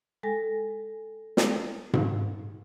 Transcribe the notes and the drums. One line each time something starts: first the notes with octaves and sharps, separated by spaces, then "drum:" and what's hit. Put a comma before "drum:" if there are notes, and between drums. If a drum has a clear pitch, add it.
G#3 A4 G5 G#5 A#6
drum: snare
drum: tom G#2